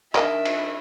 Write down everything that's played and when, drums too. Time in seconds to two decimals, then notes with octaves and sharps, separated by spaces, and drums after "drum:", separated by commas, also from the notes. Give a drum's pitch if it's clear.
0.15 D#3 D4 A#4 D#5 E5, drum: clap
0.45 drum: cymbal